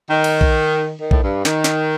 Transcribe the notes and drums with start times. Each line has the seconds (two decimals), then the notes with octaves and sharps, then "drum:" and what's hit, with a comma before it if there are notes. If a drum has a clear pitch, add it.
0.10 D#3
0.24 drum: cymbal
0.41 drum: kick A#1
1.00 D#3
1.11 A2, drum: kick A#1
1.22 G2
1.45 D#3, drum: snare
1.64 drum: snare